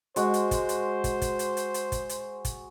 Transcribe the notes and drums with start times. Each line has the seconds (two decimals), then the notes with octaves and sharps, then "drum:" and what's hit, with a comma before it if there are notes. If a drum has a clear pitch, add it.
0.16 G#3 F#4 C5, drum: hi-hat
0.34 drum: hi-hat
0.51 drum: kick, hi-hat
0.69 drum: hi-hat
1.04 drum: kick, hi-hat
1.22 drum: kick, hi-hat
1.39 drum: hi-hat
1.57 drum: hi-hat
1.74 drum: hi-hat
1.92 drum: kick, hi-hat
2.09 drum: hi-hat
2.45 drum: kick, hi-hat